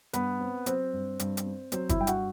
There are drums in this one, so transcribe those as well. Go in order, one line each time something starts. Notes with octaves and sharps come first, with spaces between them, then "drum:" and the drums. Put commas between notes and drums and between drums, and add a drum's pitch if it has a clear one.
G2 B3 B4, drum: hi-hat
C4
F#3 C4 C5, drum: hi-hat
G2
G2, drum: hi-hat
drum: hi-hat
C4
F#3 C4 C5, drum: hi-hat
E4 E5, drum: kick, hi-hat
G2 G5
F#4 F#5, drum: hi-hat